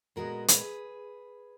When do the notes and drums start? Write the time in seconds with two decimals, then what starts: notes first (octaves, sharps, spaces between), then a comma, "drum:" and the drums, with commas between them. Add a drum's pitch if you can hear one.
0.16 A#2 G#3 B3 F#4 A#4
0.48 G#4 B4, drum: hi-hat